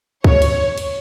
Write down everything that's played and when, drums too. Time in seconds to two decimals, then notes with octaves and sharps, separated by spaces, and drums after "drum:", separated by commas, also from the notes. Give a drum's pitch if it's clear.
0.24 C#5, drum: kick
0.42 drum: cymbal
0.78 drum: cymbal